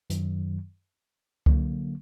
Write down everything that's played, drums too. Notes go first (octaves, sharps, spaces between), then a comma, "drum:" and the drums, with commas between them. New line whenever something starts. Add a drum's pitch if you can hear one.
F#2 D#3 F#3, drum: hi-hat
D3 F#3 A#3, drum: kick C#2